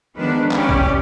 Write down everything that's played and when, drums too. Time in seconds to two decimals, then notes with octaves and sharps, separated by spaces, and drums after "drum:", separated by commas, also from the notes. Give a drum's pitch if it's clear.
0.17 D#3 F3 G#3 B3 D4 B4
0.51 C#4 E4 G4 D5, drum: clap
0.69 drum: kick B1